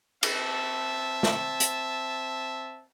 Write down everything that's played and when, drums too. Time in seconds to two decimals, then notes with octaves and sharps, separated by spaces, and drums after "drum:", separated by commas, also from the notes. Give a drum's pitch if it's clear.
0.23 C4 E5 A5, drum: cymbal
1.23 drum: snare
1.60 drum: hi-hat